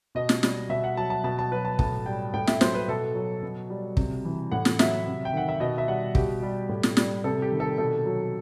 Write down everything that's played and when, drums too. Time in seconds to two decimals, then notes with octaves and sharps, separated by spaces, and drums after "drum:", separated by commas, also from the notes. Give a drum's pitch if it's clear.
0.15 B2 D#5
0.29 drum: snare
0.43 G3, drum: snare
0.69 B2 E5
0.84 F#5
0.97 F#3 A5
1.10 A5
1.24 B2 A5
1.39 A5
1.52 F#3 B4
1.65 A5
1.79 A2 A5, drum: kick
2.06 G3 G5
2.34 A2 G5
2.47 E5, drum: snare
2.61 F#3 C5, drum: snare
2.75 B4
2.88 B2 A4
3.15 F#3
3.43 B2
3.70 G3
3.97 C3, drum: kick
4.25 E3
4.52 A2 F#5
4.65 drum: snare
4.79 F#3 E5, drum: snare
5.07 C3
5.25 G5
5.33 D#3 F#5
5.49 E5
5.60 B2 D#5
5.78 E5
5.88 G3 F#5
6.15 B2 G4, drum: kick
6.42 G3
6.69 A2
6.83 drum: snare
6.97 G3, drum: snare
7.24 C3 A4
7.42 G4
7.52 D#3
7.60 A4
7.78 B2 A4
8.06 F#3